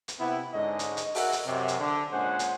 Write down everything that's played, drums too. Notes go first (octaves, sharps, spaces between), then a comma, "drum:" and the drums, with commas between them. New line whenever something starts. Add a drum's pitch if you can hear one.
drum: hi-hat
C3 B3 E4
G#2 D3 G#3 C#4 D#5
drum: hi-hat
drum: hi-hat
F#4 G#4 A#4 D#5 E5 F#5, drum: open hi-hat
drum: hi-hat
F#2 C3
drum: hi-hat
D3
A#2 G#3 C#4 C5 F#5
drum: hi-hat